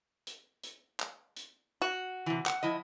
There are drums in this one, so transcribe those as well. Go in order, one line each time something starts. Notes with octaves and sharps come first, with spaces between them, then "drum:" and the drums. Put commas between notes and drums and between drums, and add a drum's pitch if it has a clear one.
drum: hi-hat
drum: hi-hat
drum: clap
drum: hi-hat
F#4
C3 E3
F#5, drum: clap
F3 E4 D#5